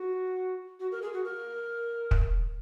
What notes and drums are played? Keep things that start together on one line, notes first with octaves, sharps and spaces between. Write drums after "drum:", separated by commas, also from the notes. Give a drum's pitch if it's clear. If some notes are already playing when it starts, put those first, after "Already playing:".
Already playing: F#4
F#4
A#4
G#4
F#4
A#4
drum: kick